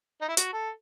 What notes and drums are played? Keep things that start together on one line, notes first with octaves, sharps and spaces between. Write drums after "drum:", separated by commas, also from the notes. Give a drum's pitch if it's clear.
D#4
E4
F#4, drum: hi-hat
A4